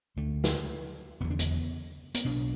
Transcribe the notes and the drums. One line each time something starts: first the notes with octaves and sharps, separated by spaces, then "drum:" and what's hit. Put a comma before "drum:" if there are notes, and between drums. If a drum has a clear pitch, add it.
D2 D3 A3
drum: snare
F#1 E2 D3 B3
D4
B3, drum: hi-hat
B3, drum: hi-hat
B1 B2 D4